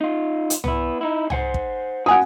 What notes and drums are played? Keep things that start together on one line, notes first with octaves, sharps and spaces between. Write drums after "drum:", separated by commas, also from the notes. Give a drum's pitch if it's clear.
D#4 F4
drum: hi-hat
B3 E4, drum: tom C2
D#4 E4
C5 F#5 G#5, drum: tom C2
drum: kick
C#4 F#4 F#5 G#5 D#6